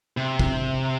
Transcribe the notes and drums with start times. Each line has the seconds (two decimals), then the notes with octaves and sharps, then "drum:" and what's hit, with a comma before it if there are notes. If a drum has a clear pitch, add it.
0.17 C3
0.39 drum: kick